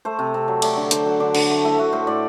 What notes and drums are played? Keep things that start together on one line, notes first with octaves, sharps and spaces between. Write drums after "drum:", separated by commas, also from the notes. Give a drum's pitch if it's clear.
A3 C5
C3
C3
F#3
A3 D5, drum: cymbal
D3
D3 C5, drum: hi-hat
F#3
D3 D5
D3 C5, drum: cymbal
A3
A3 E4
A3 F#4
A2 C5
A2 D5